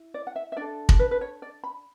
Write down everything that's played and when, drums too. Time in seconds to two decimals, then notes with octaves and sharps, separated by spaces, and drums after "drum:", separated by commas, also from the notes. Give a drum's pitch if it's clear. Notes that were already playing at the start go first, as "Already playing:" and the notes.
Already playing: E4
0.14 D5
0.27 F#5
0.36 E5
0.52 E5
0.57 D4 A4 D5
0.89 drum: kick
0.99 B4
1.11 B4
1.21 C#5
1.42 D5
1.64 B5